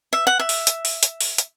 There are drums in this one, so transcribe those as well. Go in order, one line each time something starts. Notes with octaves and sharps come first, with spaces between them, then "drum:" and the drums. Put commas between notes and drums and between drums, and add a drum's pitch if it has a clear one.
E5
F#5
E5
drum: open hi-hat
drum: hi-hat
drum: open hi-hat
drum: hi-hat
drum: open hi-hat
drum: hi-hat